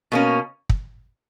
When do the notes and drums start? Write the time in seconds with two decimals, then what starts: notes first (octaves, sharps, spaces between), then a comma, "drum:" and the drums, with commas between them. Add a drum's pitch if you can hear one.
0.12 B2 A#3 C#4
0.69 drum: kick